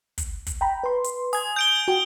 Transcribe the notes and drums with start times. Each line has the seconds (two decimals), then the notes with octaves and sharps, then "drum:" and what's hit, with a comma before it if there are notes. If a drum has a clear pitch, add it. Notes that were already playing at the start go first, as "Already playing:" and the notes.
0.18 drum: kick, hi-hat
0.47 drum: kick, hi-hat
0.61 G5 A#5 B5
0.84 B4 C6
1.04 drum: hi-hat
1.33 G#5 D#6 G#6, drum: open hi-hat
1.56 G6 D7 G7
1.88 F#4 G5